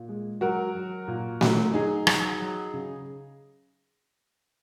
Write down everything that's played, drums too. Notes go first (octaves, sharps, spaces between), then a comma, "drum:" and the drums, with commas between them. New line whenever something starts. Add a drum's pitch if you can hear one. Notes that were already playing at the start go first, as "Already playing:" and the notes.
Already playing: A#2
G#3
F#3 F#4 A#4
F#3
A#2
F#3, drum: snare A3
F#3 D#4 G#4
F#3, drum: rim click
F#3
C#3